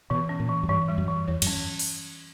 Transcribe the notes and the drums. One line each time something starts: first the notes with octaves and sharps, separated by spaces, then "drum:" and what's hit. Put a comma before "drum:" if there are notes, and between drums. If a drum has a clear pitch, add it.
B2 E3
C#4
A#2
E3
F#2
G2 E3
G3
F#2
E3
E2 C#5
F#2, drum: cymbal
C#4
drum: open hi-hat